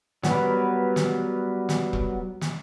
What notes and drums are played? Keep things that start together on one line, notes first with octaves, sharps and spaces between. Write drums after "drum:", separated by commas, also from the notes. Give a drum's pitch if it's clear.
F#3 G3 B3 A#4 B4, drum: snare
drum: snare
drum: snare
drum: kick E1
drum: snare